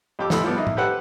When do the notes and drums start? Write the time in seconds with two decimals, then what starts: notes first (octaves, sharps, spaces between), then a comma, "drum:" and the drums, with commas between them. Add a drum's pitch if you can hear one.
0.19 F2 G4 D6 E6
0.30 C#2 A2 G#3 A3 A4 B5, drum: snare
0.44 F3 G3 B3
0.56 D#3 A#3 D#4 E4
0.67 drum: tom
0.77 G4 A4 B4 C5 F#5 G5